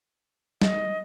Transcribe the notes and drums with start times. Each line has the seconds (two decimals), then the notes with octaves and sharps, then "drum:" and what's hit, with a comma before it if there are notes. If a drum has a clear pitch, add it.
0.62 D#5, drum: snare